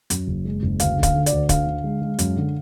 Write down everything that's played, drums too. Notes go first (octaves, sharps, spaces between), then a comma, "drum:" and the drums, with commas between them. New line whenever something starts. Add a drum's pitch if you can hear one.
F#2, drum: hi-hat
F#1
G#3
F#1
D2 F5, drum: hi-hat
D3
F5, drum: kick, hi-hat
D3
D5, drum: hi-hat
D2
D3 F5, drum: kick, hi-hat
D3
G#3
G#3
F#2, drum: hi-hat
D3